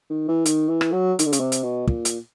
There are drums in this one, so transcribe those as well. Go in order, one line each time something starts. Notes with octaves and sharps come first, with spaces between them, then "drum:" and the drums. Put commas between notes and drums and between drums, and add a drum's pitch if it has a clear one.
D#3
E3
D#3, drum: hi-hat
E3
drum: rim click
F#3
D#3, drum: hi-hat
D3
C#3, drum: hi-hat
C3
drum: hi-hat
B2
A#2, drum: kick
drum: hi-hat